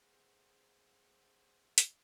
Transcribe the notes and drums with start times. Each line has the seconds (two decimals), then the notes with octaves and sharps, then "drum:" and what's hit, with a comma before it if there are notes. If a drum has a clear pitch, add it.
0.01 A3 B3 G#4 C5
1.78 drum: hi-hat